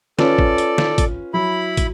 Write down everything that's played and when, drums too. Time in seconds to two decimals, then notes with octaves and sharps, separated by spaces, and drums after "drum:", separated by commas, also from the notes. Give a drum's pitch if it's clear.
0.19 C#4 F4 A4 B4 D5, drum: snare
0.38 drum: kick
0.58 drum: hi-hat
0.78 drum: snare
0.98 drum: kick, hi-hat
1.34 F#3 E4 B5
1.77 drum: kick, hi-hat